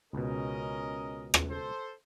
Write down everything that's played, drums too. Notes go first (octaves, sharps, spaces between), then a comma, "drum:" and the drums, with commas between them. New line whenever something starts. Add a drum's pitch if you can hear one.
C#2 B2 C#4 A#4 D#5
drum: rim click
A4 C5